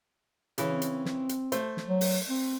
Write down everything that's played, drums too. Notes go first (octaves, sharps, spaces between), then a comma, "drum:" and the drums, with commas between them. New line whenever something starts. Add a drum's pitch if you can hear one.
C#3 E3 C#4, drum: hi-hat
C4
drum: hi-hat
drum: snare
drum: hi-hat
A3 C5, drum: hi-hat
drum: snare
F#3
drum: open hi-hat
C4